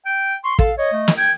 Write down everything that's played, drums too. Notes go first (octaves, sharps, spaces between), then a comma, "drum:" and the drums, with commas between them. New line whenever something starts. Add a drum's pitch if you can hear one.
G5
C6 C#6
A4 F5, drum: kick
C#5 D#5
A3
drum: snare
G5 G#6